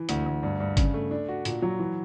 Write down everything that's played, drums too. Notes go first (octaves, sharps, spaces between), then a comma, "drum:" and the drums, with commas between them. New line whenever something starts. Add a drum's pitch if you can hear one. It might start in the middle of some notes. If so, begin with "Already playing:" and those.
Already playing: E3
D2, drum: hi-hat
D2
G2
G2
C#3, drum: kick G1, hi-hat
A3
D4
F#4
A#2, drum: hi-hat
F#3
E3